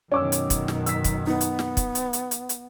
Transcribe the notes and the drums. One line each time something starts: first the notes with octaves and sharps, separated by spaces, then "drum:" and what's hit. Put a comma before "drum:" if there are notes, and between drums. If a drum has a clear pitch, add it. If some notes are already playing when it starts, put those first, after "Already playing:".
F#2 B2 D#3 C#4 D6 E6
drum: hi-hat
drum: kick, hi-hat
drum: snare
E6 B6, drum: hi-hat
drum: kick, hi-hat
B3 D#4
drum: hi-hat
drum: snare
drum: kick, hi-hat
drum: hi-hat
drum: hi-hat
drum: hi-hat
drum: hi-hat